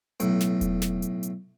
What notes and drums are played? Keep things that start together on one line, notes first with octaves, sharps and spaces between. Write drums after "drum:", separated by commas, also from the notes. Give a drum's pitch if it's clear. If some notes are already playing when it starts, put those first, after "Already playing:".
B1 A2, drum: hi-hat
drum: snare
drum: kick E1, hi-hat
drum: snare
drum: hi-hat
drum: hi-hat